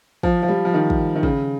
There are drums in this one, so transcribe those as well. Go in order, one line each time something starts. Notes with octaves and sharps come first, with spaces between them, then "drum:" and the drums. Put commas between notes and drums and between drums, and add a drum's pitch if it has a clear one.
F3, drum: kick
F3
G3
F3
D#3
drum: kick
D#3
C#3, drum: kick